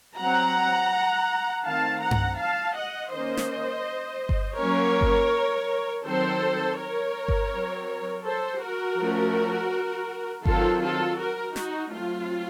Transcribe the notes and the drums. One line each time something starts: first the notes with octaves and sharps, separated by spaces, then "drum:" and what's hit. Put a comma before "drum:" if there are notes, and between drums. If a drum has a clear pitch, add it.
F#3 C4 F#5 A#5
D#3 A3 C4 F5 A5
F#5 A#5
drum: tom G2
F5 A5
D#5 F#5
D#3 A#3 C#4 C5 D#5
drum: snare
drum: kick G1
F#3 A#3 C#4 A#4 C#5
drum: kick G1
D#3 F#3 C4 A4 C5
A#4 C#5
drum: kick G1
F#3 C4
A4 C5
F#4 A#4
F3 A3 C#4
D#3 F#3 C4 F4 A4, drum: kick G1
F4 A4
F#4 A#4
D#4 F#4, drum: snare
F#3 A3 C4 F4